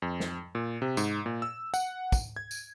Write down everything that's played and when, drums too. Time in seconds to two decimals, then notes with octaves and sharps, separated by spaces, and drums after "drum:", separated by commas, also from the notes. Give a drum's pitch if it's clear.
0.02 F2
0.20 drum: snare
0.55 A#2
0.82 C3
0.97 G#2, drum: tambourine
1.26 A#2
1.42 E6
1.74 F#5, drum: tambourine
2.12 drum: kick, tambourine
2.36 G#6
2.51 drum: tambourine